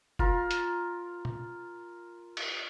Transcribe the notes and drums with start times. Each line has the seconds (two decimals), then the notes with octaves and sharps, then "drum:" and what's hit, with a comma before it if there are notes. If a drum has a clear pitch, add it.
0.19 F4 A#4, drum: kick F1
0.51 drum: hi-hat
1.25 drum: tom
2.37 drum: cymbal